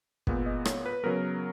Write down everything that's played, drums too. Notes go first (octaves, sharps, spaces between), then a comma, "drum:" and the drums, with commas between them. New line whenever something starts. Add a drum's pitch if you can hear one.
A#2 G#3 B3, drum: kick
D#5
C#5, drum: rim click
B4
C#3 F#3 B3 A#4